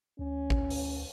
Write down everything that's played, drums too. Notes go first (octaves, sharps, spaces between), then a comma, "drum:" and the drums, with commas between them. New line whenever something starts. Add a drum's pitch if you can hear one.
D2 C#4
drum: kick A1
drum: open hi-hat